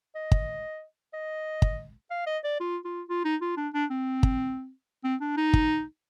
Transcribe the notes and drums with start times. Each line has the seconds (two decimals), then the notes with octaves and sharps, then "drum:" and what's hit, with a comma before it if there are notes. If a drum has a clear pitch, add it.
0.15 D#5
0.32 drum: kick
1.13 D#5
1.62 drum: kick
2.11 F5
2.27 D#5
2.44 D5
2.60 F4
2.85 F4
3.09 F4
3.25 D#4
3.41 F4
3.57 D4
3.74 D4
3.91 C4
4.23 drum: kick
5.04 C4
5.21 D4
5.37 D#4
5.54 drum: kick